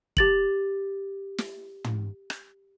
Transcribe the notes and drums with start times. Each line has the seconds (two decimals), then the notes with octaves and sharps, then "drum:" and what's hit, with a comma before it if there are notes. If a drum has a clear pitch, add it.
0.17 G4 A6 F#7, drum: kick
1.38 drum: snare
1.84 drum: tom
2.30 drum: rim click